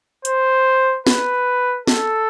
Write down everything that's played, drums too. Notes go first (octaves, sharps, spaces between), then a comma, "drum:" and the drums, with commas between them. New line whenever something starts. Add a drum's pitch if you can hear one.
C5, drum: hi-hat
B4, drum: snare
A4, drum: snare